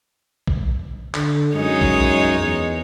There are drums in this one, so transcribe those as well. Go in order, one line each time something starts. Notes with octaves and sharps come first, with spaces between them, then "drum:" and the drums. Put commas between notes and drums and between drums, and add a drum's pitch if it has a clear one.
drum: kick A#1
D3, drum: clap
F#2 G#3 D#4 C#5
drum: kick A#1
E2